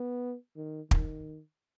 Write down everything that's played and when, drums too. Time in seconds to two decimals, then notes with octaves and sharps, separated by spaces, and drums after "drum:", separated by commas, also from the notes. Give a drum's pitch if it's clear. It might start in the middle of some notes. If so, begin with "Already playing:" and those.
Already playing: B3
0.57 D#3
0.91 D#3, drum: kick